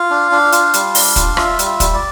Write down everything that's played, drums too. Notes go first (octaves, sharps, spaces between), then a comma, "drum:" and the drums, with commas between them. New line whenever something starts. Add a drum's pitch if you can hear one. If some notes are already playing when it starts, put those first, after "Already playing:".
Already playing: F4 F5
D4
D4
F4, drum: hi-hat
G3, drum: hi-hat
D4, drum: open hi-hat
F4, drum: kick, hi-hat
F4 E5, drum: rim click
G3, drum: hi-hat
E5
G3, drum: kick, hi-hat
D5